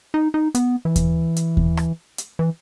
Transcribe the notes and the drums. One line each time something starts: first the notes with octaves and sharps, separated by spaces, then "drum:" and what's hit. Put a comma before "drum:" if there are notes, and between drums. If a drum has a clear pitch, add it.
D#4
D#4
B3, drum: hi-hat
E3
drum: kick D#2, hi-hat
drum: hi-hat
drum: kick D#2
drum: rim click
drum: hi-hat
E3